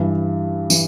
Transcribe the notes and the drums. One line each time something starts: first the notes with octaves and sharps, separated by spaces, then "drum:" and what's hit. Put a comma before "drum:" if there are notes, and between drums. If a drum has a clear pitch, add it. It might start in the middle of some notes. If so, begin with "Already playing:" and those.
Already playing: G2 E3
E3, drum: tambourine